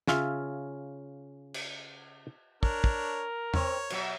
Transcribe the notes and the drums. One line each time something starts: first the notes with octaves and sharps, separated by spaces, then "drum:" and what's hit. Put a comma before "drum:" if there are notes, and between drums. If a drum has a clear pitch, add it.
C#3 C#4 F4 E5, drum: snare
drum: cymbal
D4 A#4 C#5, drum: kick
drum: kick
C4 C#5, drum: tom
B2 F#3 E5, drum: cymbal